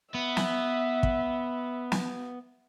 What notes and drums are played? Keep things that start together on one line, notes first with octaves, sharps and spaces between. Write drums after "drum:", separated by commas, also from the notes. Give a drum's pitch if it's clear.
B3 E5
drum: snare
drum: kick
drum: snare